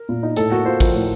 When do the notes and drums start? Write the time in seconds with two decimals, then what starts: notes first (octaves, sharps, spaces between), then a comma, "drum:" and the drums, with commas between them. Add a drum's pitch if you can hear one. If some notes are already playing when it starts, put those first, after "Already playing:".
Already playing: A#4
0.09 A#2
0.23 D#4
0.36 A2 A4, drum: hi-hat
0.51 A#3 F#4
0.65 F4 C5
0.80 F3 A#4, drum: kick, open hi-hat
0.94 A2